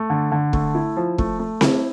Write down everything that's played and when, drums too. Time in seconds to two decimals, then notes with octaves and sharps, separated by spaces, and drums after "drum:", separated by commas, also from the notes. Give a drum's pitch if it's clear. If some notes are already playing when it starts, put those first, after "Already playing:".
Already playing: A3
0.10 D3
0.32 D3
0.53 A3, drum: kick
0.75 E4
0.97 F3
1.18 A3, drum: kick
1.39 A3
1.61 E4, drum: snare C4